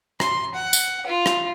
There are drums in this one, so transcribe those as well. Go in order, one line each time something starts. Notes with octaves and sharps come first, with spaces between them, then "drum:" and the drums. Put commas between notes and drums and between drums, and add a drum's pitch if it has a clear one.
C6, drum: rim click
F#5
drum: tambourine
F4
drum: rim click